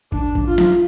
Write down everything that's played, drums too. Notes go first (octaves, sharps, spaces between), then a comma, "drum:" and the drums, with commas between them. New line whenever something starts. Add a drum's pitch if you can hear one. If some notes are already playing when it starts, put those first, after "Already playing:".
D4, drum: kick G#1
drum: kick G#1
F4
drum: snare